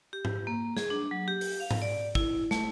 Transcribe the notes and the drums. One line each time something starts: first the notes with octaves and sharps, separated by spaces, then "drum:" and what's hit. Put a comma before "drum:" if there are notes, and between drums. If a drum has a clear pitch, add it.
G4
drum: tom G#2
A#3
G#4, drum: snare
D4
F#3
G4
drum: open hi-hat
F5
drum: tom G#2
D5
E4, drum: kick
A3, drum: snare